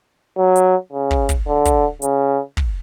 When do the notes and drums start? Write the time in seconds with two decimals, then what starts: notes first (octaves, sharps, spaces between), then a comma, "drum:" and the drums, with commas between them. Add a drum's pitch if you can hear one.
0.37 F#3
0.56 drum: hi-hat
0.93 C#3
1.11 drum: kick
1.29 drum: kick, hi-hat
1.48 D3
1.65 drum: kick, hi-hat
2.02 C#3, drum: hi-hat
2.57 drum: kick